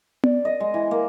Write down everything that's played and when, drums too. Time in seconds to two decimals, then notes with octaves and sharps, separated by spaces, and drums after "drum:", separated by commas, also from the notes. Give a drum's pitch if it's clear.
0.24 D5, drum: tom B3
0.45 D#5
0.60 G#3
0.74 E3
0.91 A#3